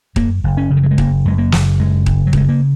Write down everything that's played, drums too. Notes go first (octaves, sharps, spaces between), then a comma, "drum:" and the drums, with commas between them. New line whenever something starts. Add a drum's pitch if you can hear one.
F#2 A#3, drum: kick D#1
F#1
C#4
C#3
D#3
F#3
G#3
F#1 A#3, drum: kick D#1
F#2 G#3
A#3
F#1, drum: snare
F#2 G#3
F#1, drum: kick D#1
F#3
C#3 G#3, drum: kick D#1
A#3